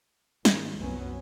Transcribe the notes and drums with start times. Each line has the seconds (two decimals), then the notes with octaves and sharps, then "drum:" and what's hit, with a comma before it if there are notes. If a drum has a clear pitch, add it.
0.45 G#2 D#3 G#3, drum: snare
0.75 F1 C2 F#2 F#3 B3 C#4